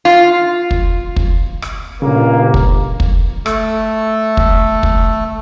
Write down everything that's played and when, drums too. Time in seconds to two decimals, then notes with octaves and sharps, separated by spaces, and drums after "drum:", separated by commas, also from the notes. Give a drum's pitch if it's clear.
0.05 F4
0.71 drum: kick
1.17 drum: kick
1.62 drum: rim click
2.02 G1 A#2 C#3 A#3
2.54 drum: kick
3.00 drum: kick
3.46 A3 A4, drum: rim click
4.37 drum: kick
4.83 drum: kick